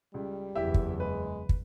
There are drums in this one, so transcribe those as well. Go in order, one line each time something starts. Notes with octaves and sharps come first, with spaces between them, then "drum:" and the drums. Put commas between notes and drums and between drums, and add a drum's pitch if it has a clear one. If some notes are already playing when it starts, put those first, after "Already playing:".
C#2 G3
F#1 E2 E4 G4 E5
drum: kick
G#3 B4
drum: kick